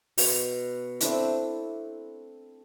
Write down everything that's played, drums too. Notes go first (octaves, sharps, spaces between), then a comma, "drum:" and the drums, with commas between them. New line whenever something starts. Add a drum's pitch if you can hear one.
B2, drum: open hi-hat
A3 C4 D4 E4, drum: hi-hat